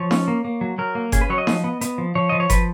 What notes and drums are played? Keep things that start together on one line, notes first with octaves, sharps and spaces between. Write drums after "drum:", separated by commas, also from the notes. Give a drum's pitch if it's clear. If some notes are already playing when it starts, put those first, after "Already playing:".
Already playing: F3 C#5
C#4, drum: snare D#4
A#3
A#3
F#3
F#3 A#4
A#3
C#4 G#4, drum: kick G1, hi-hat
B4
F#3 C#5
D#5
F3, drum: snare D#4
B3
B3, drum: hi-hat
F3
F3 C#5
F3 D#5
C#5
F3 B4, drum: kick G1, hi-hat